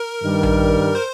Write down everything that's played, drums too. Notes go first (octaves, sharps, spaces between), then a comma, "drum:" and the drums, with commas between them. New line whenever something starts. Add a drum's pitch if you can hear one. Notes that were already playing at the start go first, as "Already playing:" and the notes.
Already playing: A#4
G2 D#3 G3
drum: tom A#1
C5